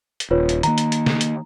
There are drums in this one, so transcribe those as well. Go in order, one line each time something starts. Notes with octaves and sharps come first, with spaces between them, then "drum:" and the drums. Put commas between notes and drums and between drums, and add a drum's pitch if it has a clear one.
drum: hi-hat
D#1 F4 B4 C#5
drum: hi-hat
D#3 A#3 A#5, drum: hi-hat
drum: hi-hat
drum: hi-hat
drum: snare
drum: hi-hat